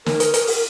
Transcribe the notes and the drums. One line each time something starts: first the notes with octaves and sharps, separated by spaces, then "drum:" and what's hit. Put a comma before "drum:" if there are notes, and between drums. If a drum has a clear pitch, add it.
A#4, drum: snare
drum: hi-hat
drum: hi-hat
drum: open hi-hat